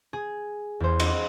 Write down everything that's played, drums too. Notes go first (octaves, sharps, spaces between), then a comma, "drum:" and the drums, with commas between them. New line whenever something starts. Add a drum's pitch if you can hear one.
G#4
E2 C5
D#5, drum: cymbal